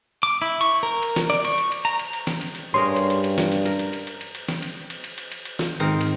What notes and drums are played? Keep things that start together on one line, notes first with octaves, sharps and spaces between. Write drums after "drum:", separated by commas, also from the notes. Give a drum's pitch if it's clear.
D6
E4
C#6, drum: cymbal
A#4
drum: cymbal
drum: snare
D5, drum: cymbal
C#6, drum: cymbal
drum: cymbal
drum: cymbal
A#5, drum: cymbal
drum: cymbal
drum: cymbal
drum: snare
drum: cymbal
drum: cymbal
G2 C#4 G#4 A#4 C6
drum: cymbal
drum: cymbal
drum: cymbal
drum: snare
drum: cymbal
A#4, drum: cymbal
drum: cymbal
drum: cymbal
drum: cymbal
drum: cymbal
drum: cymbal
drum: snare
drum: cymbal
drum: cymbal
drum: cymbal
drum: cymbal
drum: cymbal
drum: cymbal
drum: snare
G#2 D#3 C4 A#4
drum: cymbal